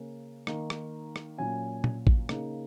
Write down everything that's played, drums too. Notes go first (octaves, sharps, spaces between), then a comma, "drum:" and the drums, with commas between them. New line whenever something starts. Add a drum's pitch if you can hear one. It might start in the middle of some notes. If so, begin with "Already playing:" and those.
Already playing: C#3 A#3 C#4
D#3 A#3 D#4, drum: rim click
drum: rim click
drum: rim click
A#2 F#3 C#4 G#5
drum: tom A#2
drum: kick
C#3 A#3 D#4, drum: rim click